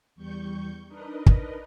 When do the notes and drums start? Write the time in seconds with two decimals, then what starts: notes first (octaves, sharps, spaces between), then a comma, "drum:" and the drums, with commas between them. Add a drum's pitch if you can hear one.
0.15 E2 G3 C#6 G6
0.87 D4 D#4 A#4 B4 D#5
1.26 drum: kick